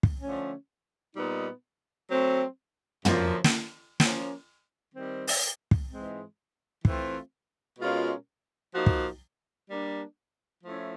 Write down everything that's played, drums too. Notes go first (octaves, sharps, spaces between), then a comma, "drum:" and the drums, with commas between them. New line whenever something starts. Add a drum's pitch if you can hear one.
drum: kick
D3 F3 A3 C#4
A#2 G3 B3 D#4
F#3 A3 C4
F#2 D3 F3 A#3, drum: tom
drum: snare
F3 A#3 C#4, drum: snare
D#3 G3 C4
drum: open hi-hat
drum: kick
G#2 E3 G#3 C4
E3 A3 C4 F4, drum: kick
B2 G#3 C#4 F4 A#4
F3 A#3 D#4 F#4
drum: kick
G3 A#3 D4
F3 A3 C#4 E4